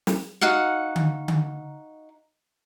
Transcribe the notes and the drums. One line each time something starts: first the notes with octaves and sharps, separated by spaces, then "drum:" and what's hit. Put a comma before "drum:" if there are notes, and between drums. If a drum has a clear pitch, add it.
drum: snare
D#4 F#4 F5 F#5
drum: tom D3
drum: tom D3